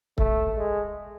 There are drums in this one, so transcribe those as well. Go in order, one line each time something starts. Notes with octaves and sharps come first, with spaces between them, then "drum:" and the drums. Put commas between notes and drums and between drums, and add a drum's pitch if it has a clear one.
A3, drum: kick
G#3